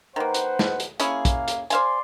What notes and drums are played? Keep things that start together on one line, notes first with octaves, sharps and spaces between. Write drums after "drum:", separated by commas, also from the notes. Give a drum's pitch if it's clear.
D#3 A#3 B4 C5 F#5
drum: hi-hat
B2, drum: snare
drum: hi-hat
A#3 C#4 E4 G#4 F5, drum: hi-hat
drum: kick, hi-hat
drum: hi-hat
C5 D5 F5 G#5 C6, drum: hi-hat